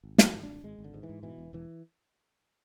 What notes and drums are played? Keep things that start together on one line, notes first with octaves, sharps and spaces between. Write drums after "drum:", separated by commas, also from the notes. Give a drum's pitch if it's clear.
G#1
G#2 E3, drum: snare
G#1
D4
G#1
G#1 G#3
G#1
D3
G#2
E3
G#2
B2 E3
E1
E1 E3